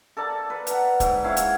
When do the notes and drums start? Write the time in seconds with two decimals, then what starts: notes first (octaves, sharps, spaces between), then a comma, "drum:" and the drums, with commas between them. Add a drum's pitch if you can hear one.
0.17 A4 A#4 D5 A5
0.50 B4
0.67 F#5 A#5, drum: hi-hat
1.00 G#2 C4, drum: kick, hi-hat
1.24 C#4 E4 F5 F#5
1.37 drum: hi-hat